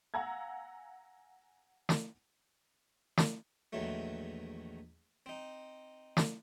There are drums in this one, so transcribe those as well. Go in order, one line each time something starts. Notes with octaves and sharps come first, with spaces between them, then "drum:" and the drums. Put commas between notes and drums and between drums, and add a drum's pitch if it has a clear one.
F5 F#5 G#5 A#5 E6 G#6
drum: snare
drum: snare
A#1 E2 D#3 E3 F#3 A3
C4 D#4
drum: snare